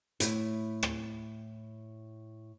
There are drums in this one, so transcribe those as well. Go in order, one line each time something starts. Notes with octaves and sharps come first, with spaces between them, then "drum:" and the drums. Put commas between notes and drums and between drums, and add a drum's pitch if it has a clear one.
A2 E4, drum: hi-hat
drum: rim click